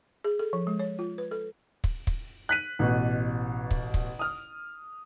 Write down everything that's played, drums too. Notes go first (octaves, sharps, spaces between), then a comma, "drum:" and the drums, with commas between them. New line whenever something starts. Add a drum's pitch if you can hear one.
G#4
A4
F3
G#3
C#5
F4
B4
A4
drum: kick
drum: kick
F#6 B6 D#7
A1 B2
drum: kick
drum: kick
D#6 F6